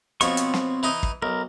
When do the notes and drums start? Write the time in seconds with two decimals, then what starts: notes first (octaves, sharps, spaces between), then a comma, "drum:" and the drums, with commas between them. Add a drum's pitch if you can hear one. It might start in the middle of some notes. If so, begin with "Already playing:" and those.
0.21 B2 F3 C4 C#5 C#6, drum: hi-hat
0.37 drum: hi-hat
0.54 drum: snare
0.83 E3 D#4 D#5
1.03 drum: kick
1.22 B1 A#4